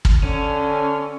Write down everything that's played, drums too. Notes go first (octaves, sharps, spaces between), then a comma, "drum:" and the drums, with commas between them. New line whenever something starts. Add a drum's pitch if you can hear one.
drum: kick
D3 C#4